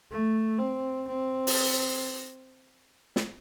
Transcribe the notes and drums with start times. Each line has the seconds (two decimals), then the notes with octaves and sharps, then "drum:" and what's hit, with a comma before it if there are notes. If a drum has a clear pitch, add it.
0.11 A3
0.59 C4
1.08 C4
1.47 drum: open hi-hat
3.16 drum: snare